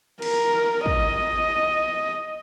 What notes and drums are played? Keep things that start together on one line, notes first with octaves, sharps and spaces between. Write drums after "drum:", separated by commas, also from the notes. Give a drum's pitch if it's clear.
A#4, drum: cymbal
D#5, drum: kick